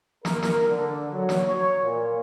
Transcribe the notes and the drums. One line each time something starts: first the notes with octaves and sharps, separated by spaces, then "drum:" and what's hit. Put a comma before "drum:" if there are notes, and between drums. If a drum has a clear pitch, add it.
A#4, drum: snare
drum: snare
D3
F#3
drum: snare
C#5
A#2